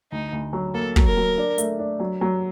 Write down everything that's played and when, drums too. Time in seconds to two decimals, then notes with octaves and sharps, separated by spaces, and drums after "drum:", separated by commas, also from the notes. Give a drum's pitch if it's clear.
0.12 D2 D#4
0.33 D2
0.53 F#3
0.74 A#3 A4
0.96 F#3, drum: kick
1.06 A#4
1.17 F#3
1.38 D4
1.58 A3, drum: hi-hat
1.79 D4
2.00 F#3
2.21 F#3